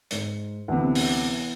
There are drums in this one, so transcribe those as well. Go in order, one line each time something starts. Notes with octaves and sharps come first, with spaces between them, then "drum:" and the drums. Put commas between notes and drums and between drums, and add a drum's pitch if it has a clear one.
G#2 C#7, drum: hi-hat
D2 C3 E3 B3
drum: open hi-hat